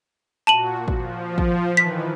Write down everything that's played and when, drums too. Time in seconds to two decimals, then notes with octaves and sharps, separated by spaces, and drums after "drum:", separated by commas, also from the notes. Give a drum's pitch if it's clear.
0.47 A#2 F#4 A5 D#7 F#7
0.88 F3, drum: kick
1.38 drum: kick
1.77 D#3 E3 B4 B6